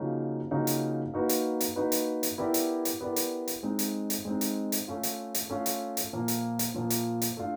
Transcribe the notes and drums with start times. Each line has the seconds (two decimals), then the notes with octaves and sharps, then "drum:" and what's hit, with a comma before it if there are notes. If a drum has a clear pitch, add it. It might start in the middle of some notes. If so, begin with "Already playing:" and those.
Already playing: C#3 F3 A#3 D#4 F#4
0.51 C#3 F3 A#3 D#4 F#4
0.67 drum: hi-hat
1.14 A#3 D#4 F#4 B4
1.29 drum: hi-hat
1.61 drum: hi-hat
1.76 A#3 D#4 F#4 B4
1.92 drum: hi-hat
2.23 drum: hi-hat
2.38 B3 E4 G4 A#4 D5
2.54 drum: hi-hat
2.85 drum: hi-hat
3.01 B3 E4 G4 A#4 D5
3.16 drum: hi-hat
3.48 drum: hi-hat
3.63 G#3 C4 D#4
3.79 drum: hi-hat
4.10 drum: hi-hat
4.25 G#3 C4 D#4
4.41 drum: hi-hat
4.72 drum: hi-hat
4.88 A3 C#4 F4
5.03 drum: hi-hat
5.35 drum: hi-hat
5.50 A3 C#4 F4
5.66 drum: hi-hat
5.97 drum: hi-hat
6.13 A#2 F3 A#3
6.28 drum: hi-hat
6.59 drum: hi-hat
6.74 A#2 F3 A#3
6.90 drum: hi-hat
7.22 drum: hi-hat
7.37 A3 D4 F4